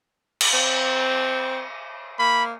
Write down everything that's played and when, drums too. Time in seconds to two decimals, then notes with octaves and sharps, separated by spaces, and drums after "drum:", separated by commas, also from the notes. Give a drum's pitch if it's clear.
0.41 drum: cymbal
0.54 C4
2.19 A#3 B5